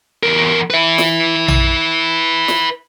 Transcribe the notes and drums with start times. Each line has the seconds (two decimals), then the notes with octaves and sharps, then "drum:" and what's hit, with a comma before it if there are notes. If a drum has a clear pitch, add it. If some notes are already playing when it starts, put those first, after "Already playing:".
0.23 E2 A#4
0.70 B4 E5
0.98 drum: snare
1.48 drum: tom A#1
2.48 drum: snare